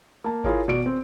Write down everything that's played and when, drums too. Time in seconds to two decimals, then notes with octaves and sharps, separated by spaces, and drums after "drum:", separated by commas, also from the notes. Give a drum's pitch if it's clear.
0.24 A#3 A5
0.44 E4 F4 G#4 A#4 C#5, drum: kick G#1
0.68 B2 D5 D7
0.86 C4